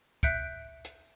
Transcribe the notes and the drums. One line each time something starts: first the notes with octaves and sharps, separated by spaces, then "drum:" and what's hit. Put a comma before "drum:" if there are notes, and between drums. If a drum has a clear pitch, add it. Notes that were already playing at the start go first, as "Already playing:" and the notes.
E5 F#6 G6 C#7 D7, drum: kick
drum: hi-hat